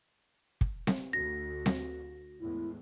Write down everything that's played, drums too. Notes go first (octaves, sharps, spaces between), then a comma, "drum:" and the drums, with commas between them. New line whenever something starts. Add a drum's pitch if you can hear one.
drum: kick
drum: snare C4
D2 F#4 A#6
drum: snare C4
E2 A2 G#3 E4